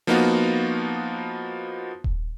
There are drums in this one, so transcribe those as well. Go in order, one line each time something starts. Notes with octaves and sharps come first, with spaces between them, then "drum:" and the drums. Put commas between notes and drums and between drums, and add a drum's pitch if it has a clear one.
F3 A#3 B3 D#4 F4 F#4
drum: kick D#1